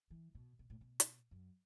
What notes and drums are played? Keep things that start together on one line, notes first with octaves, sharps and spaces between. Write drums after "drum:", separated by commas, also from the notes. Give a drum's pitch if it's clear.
E3
B2
B2
A2
B2
drum: hi-hat
F#2